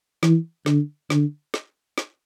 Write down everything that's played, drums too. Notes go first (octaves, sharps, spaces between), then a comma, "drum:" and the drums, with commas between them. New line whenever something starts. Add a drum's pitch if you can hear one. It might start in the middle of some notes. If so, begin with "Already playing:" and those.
E3, drum: snare
D3, drum: snare
D3, drum: snare
drum: snare
drum: snare